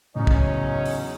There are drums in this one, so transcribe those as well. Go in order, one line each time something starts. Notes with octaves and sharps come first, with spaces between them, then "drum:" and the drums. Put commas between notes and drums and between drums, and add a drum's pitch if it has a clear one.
E2 A2 C#3 F#3 C#4 D#4 D#5
drum: kick
drum: open hi-hat